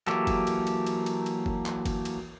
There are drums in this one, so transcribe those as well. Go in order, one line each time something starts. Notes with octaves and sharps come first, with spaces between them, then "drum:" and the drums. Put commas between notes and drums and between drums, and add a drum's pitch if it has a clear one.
E3 F#3 A#3 G4 A4, drum: clap
drum: kick F#1, cymbal
drum: cymbal
drum: cymbal
drum: cymbal
drum: cymbal
drum: cymbal
drum: kick F#1
drum: clap
drum: kick F#1, cymbal
drum: cymbal